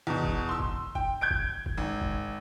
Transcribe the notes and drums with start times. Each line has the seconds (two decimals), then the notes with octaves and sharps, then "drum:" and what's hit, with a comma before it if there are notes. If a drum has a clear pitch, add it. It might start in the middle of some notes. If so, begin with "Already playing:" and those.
0.07 E2 B2
0.24 drum: kick
0.49 C6 E6
0.60 drum: kick
0.95 G5, drum: kick
1.21 G6 G#6 D7
1.31 drum: kick
1.66 drum: kick
1.77 G#1
2.01 drum: kick